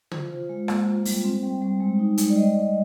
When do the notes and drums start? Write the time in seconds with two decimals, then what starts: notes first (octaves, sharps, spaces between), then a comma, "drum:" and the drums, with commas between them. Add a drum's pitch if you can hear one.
0.11 F4 C5, drum: tom
0.30 F4
0.49 G#3
0.68 A#3, drum: rim click
0.87 F4
1.05 G3, drum: open hi-hat
1.24 C4
1.43 G3
1.62 G3
1.80 G#3
1.99 D#4
2.18 G#3, drum: hi-hat
2.30 D5
2.36 G3 D#5
2.55 G3